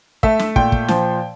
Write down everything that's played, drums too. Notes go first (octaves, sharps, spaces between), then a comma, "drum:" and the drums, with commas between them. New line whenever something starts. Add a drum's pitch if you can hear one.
A3 E5, drum: kick
drum: snare
A#2 G5, drum: kick
drum: kick
F3, drum: snare